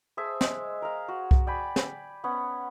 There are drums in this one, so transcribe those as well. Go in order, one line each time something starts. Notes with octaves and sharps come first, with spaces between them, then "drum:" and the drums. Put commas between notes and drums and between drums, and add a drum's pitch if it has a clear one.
G#4 C5 E5 A5
G#3, drum: snare
A#4 F5
F#4
drum: kick C2
D5 G5 G#5 B5
drum: snare
B3 C#4 F#5